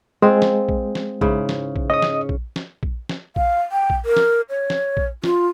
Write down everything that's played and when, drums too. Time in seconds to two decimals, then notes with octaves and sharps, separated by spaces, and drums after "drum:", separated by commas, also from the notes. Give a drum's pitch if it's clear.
0.22 G#3 C4 F4 G#4
0.42 drum: snare
0.69 drum: kick A#1
0.95 drum: snare
1.21 G#2 C#3 E4, drum: kick A#1
1.49 drum: snare
1.76 drum: kick A#1
1.90 C#4 D#5 D#6
2.02 drum: snare
2.29 drum: kick A#1
2.56 drum: snare
2.83 drum: kick A#1
3.09 drum: snare
3.36 F5, drum: kick A#1
3.72 G5
3.90 drum: kick A#1
4.05 A#4
4.16 drum: snare
4.50 C#5
4.70 drum: snare
4.97 drum: kick A#1
5.24 F4, drum: snare